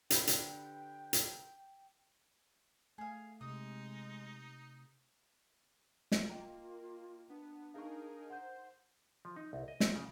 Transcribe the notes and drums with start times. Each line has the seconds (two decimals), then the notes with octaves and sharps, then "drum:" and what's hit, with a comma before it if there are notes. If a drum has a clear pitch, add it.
0.10 D3 G4 B4 G5, drum: hi-hat
0.27 drum: hi-hat
1.13 drum: hi-hat
2.98 A3 G#4 F5
3.41 C3 G#3 D#4 D#6
6.12 drum: snare
6.29 A#3 F4 D#5 G5 A#5
7.29 B3 D4
7.74 D#4 G#4 A#4 F5 C#6
8.30 C5 F#5 G6
9.25 F3
9.36 D#4
9.53 C2
9.68 D#5
9.80 C4, drum: snare
9.96 C#3